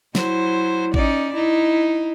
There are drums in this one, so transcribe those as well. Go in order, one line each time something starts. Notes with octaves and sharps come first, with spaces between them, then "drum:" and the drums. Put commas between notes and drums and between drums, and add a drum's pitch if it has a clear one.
F#3 E4 C5, drum: snare
C#4 D#4 D5, drum: kick G#1
D#4 E4